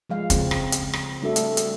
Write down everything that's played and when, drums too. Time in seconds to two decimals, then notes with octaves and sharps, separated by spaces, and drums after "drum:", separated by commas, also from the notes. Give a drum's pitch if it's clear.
0.09 F3 G#3 F5
0.30 C#3 C4, drum: kick, hi-hat
0.51 drum: rim click
0.72 drum: hi-hat
0.93 drum: rim click
1.22 G3 A3 D4 F#4 A4 E5
1.36 drum: hi-hat
1.57 drum: hi-hat